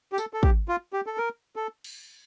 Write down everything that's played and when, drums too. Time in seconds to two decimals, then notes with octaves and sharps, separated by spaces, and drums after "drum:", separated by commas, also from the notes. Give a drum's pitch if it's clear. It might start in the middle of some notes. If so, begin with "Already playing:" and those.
0.12 G4
0.18 A4, drum: tambourine
0.33 A4
0.43 G4, drum: kick
0.69 F4
0.93 G4
1.06 A4
1.17 A#4
1.56 A4
1.84 drum: cymbal